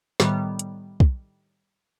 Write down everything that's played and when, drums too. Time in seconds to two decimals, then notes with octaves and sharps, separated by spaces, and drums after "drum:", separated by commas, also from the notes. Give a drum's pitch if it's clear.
0.20 A2 D#3 G3 B3, drum: snare
0.59 drum: hi-hat
1.00 drum: kick